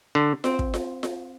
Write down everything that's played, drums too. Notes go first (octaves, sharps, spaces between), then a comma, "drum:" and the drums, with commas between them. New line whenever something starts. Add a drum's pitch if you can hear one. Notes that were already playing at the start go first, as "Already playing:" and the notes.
D3
C4, drum: snare F4
drum: kick
drum: snare F4
drum: snare F4